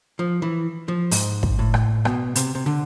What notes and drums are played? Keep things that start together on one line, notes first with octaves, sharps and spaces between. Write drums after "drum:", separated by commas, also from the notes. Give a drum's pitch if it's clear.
F3
E3
F3
G#2, drum: open hi-hat
drum: kick
A2
drum: rim click
B2, drum: rim click
C3, drum: hi-hat
C3
D3